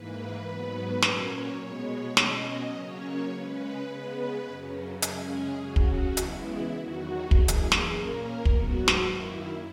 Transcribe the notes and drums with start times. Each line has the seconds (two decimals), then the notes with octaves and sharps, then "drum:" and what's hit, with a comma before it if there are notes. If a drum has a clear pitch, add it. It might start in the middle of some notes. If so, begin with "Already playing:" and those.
Already playing: G#2 E3 A#3 B4
0.45 G#2 F#3 B3
1.02 A#2 F#3 A#3 C#4 C#5, drum: snare
1.60 B2 G#3 B3 C#5
2.17 B2 F#3 C#4 D#5, drum: snare
2.73 C#3 F#3 A#3 C#4 C#5
3.31 C#3 G#3 C#4 B4
3.89 C#3 G#3 B3
4.45 F#2 C#3 F#3 C#4
5.02 F#2 C#3 G#3 C#4 G#4, drum: hi-hat
5.60 C#3 F#3 C#4 F#4
5.76 drum: kick
6.17 C#3 E3 G#3 B3 E4, drum: hi-hat
6.74 E2 D#3 F#3 F#4
7.31 F#2 E3 A#3 G#4, drum: kick
7.48 drum: hi-hat
7.72 drum: snare
7.88 A#2 A#3 C#4 A#4
8.45 G#2 F#3 B3 F#4, drum: kick
8.88 drum: snare
9.03 F#2 D#3 A#3 E4